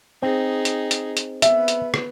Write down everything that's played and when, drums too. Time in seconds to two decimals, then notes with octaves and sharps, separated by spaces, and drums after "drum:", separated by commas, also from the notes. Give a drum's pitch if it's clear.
0.22 C4 D#4 G#4
0.65 drum: hi-hat
0.91 drum: hi-hat
1.17 drum: hi-hat
1.42 B3 B4 E5, drum: hi-hat
1.68 drum: hi-hat
1.94 drum: rim click